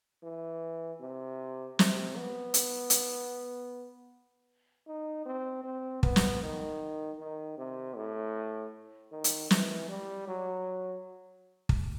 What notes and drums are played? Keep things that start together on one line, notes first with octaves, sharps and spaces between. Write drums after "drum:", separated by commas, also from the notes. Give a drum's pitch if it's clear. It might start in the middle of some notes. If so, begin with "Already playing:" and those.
E3
C3
C3, drum: snare
B3
drum: hi-hat
drum: hi-hat
D#4
C4
C4
B3, drum: kick
drum: snare
D#3
D#3
C3
A2
D#3
drum: hi-hat
E3, drum: snare
G3
F#3
drum: kick